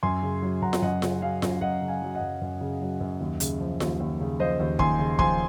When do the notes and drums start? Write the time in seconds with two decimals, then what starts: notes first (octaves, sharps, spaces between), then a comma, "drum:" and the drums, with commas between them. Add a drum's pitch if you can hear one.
0.03 F#2 G#5 C6
0.22 C#3
0.42 F#3
0.62 F#2 F#5 A#5
0.73 drum: snare F4
0.82 F#2 D#5 F#5
1.02 C#3, drum: snare F4
1.22 F#3 F5 G#5
1.42 F#2, drum: snare F4
1.61 F#2 D#5 F#5
1.82 C#3
1.88 F5 G#5
2.02 F#3
2.15 D#5 F#5
2.21 F#2
2.41 F#2
2.61 C#3
2.81 F#3
3.01 F#2
3.21 D#2
3.40 C#3, drum: hi-hat
3.60 F3
3.80 D#2, drum: snare F4
4.00 D#2
4.20 C#3
4.40 F3 C5 D#5
4.60 D#2
4.79 D#2 G#5 C6, drum: kick
4.99 C#3
5.19 F3 G#5 C6, drum: kick